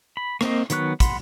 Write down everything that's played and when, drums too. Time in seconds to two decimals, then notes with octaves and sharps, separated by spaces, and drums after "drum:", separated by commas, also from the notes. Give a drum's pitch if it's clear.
0.17 B5
0.41 A#3 C4 D#5, drum: rim click
0.70 D#3 F#3 B3 C#6 F#6, drum: hi-hat
1.00 F#5 B5 C6, drum: kick, hi-hat